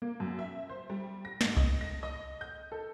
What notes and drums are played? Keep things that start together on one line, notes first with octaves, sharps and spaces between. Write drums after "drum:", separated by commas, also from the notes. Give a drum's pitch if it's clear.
A#3
F#2
E5
C5
G3
A#6
G#2, drum: snare
D#5, drum: kick C2
A#6
D#5
G6
A4